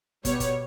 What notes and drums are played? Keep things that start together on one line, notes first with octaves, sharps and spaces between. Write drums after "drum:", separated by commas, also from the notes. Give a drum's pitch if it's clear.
B2 G3 B3 C#5, drum: kick, hi-hat
drum: kick, hi-hat